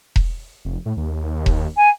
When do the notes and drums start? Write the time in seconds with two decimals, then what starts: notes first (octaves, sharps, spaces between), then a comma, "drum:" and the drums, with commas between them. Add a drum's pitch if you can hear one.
0.16 drum: kick E1
0.65 F1
0.86 A2
0.97 D#2
1.46 drum: kick E1
1.77 G#5